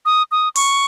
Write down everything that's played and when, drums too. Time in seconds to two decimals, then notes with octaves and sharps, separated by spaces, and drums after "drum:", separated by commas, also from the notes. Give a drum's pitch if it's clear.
0.05 D#6
0.31 D#6
0.55 C#6, drum: open hi-hat